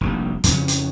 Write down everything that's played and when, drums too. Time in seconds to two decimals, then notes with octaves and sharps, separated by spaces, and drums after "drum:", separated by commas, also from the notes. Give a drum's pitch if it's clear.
0.01 F1 A#1 G3
0.44 F2 C#3 F3 C#4, drum: hi-hat
0.68 drum: hi-hat